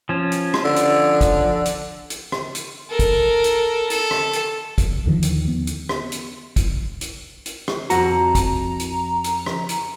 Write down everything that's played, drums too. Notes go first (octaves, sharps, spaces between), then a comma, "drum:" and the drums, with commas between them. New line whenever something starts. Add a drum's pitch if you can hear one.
F3 C#4
drum: hi-hat
drum: rim click
D3
drum: hi-hat
drum: kick, hi-hat
drum: hi-hat
drum: hi-hat
drum: rim click
drum: hi-hat
A4 A#4
drum: kick, hi-hat
drum: hi-hat
A4, drum: hi-hat
drum: rim click
drum: hi-hat
drum: kick, hi-hat
D#2 D3 D#3 F3
drum: hi-hat
B3
drum: hi-hat
drum: rim click
drum: hi-hat
drum: kick, hi-hat
drum: hi-hat
drum: hi-hat
drum: rim click
F2 F#4 A#5, drum: hi-hat
drum: kick, hi-hat
drum: hi-hat
drum: hi-hat
drum: rim click
drum: hi-hat